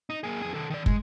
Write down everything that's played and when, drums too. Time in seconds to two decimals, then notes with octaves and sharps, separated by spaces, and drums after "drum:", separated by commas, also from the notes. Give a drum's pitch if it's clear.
0.10 D#4
0.24 A#3 G#4
0.42 F2 G#4
0.54 D#3 A4
0.70 D#3 D5
0.86 G#3, drum: kick